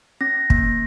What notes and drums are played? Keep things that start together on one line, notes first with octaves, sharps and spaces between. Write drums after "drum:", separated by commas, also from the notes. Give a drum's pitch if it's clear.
C#4 A#6
A#3, drum: kick